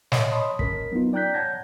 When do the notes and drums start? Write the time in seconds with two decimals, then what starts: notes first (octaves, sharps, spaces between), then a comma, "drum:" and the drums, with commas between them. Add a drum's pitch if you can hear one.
0.12 C#5 D#5 E5, drum: snare
0.31 C#5 D#5 A5 B5 C6 D#6
0.59 C#4 A#4 B6, drum: kick
0.92 F#3 B3 C#4 D#4 F4
1.13 D5 G5 A#5 F#6 G6 B6
1.34 C#5 F#5 A5 G6 G#6 A#6